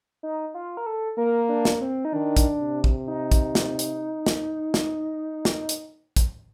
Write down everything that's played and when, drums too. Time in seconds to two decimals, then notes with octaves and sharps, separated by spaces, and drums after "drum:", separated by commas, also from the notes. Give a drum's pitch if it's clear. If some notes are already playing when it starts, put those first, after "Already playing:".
0.23 D#4
0.54 F4
0.77 A#4
0.86 A4
1.18 A#3 A#4
1.49 D4
1.65 drum: snare
1.81 C4
2.05 D#4
2.13 D#3 D4
2.37 drum: kick, hi-hat
2.60 C3
2.84 drum: kick
3.08 D#4
3.32 drum: kick, hi-hat
3.55 drum: snare
3.79 drum: hi-hat
4.27 drum: snare
4.74 drum: snare
5.45 drum: snare
5.69 drum: hi-hat
6.16 drum: kick, hi-hat